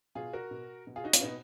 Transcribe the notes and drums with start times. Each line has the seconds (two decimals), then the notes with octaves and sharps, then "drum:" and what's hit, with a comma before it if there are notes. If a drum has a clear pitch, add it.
0.15 B2 F4 G#4
0.33 F#4 A#4
0.51 B2
0.87 B2
0.96 F4 G#4
1.04 D#4 F#4
1.13 C#4 F4, drum: hi-hat
1.22 B2 B3 D#4